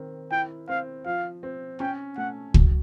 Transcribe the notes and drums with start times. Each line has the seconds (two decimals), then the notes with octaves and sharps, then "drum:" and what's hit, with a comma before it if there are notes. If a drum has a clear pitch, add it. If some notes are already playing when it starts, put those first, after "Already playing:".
Already playing: D#3 C4
0.31 E4 G5
0.68 C4 F5
1.06 F3 F5
1.43 C4
1.80 C#4 G5
2.17 A3 F#5
2.54 F#3, drum: kick